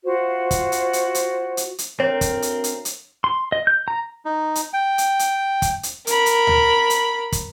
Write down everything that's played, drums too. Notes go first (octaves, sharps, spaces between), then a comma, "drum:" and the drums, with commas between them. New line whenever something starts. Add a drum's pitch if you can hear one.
F4 F#4 C5
drum: kick, hi-hat
drum: hi-hat
drum: hi-hat
drum: hi-hat
drum: hi-hat
drum: hi-hat
D2 C4 A#4 C#5
drum: kick, hi-hat
drum: hi-hat
drum: hi-hat
drum: hi-hat
C6
D#5
G6
A#5
D#4
drum: hi-hat
G5
drum: hi-hat
drum: hi-hat
drum: kick, hi-hat
drum: hi-hat
A#4 B5, drum: hi-hat
drum: hi-hat
drum: tom D2
drum: hi-hat
drum: kick, hi-hat